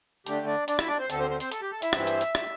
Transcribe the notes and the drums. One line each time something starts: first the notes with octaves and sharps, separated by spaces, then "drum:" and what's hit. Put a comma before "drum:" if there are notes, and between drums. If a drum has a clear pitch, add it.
D3 A3 D4 G4, drum: hi-hat
D4 D5
D4 D5, drum: hi-hat
E4 E5, drum: rim click
D4 D5
C4 C5
D2 D3 C4 A4, drum: hi-hat
C4 C5
C4 C5
C4 C5, drum: hi-hat
A4, drum: hi-hat
G4
A4
E4 E5, drum: hi-hat
G2 E3 C4 E4, drum: rim click
drum: hi-hat
drum: hi-hat
drum: rim click